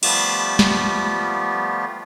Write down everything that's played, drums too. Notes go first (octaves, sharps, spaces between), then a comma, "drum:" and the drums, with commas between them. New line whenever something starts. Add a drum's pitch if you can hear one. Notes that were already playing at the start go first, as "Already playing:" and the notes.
F3 G3 A3 B3 F4 G4, drum: cymbal
drum: snare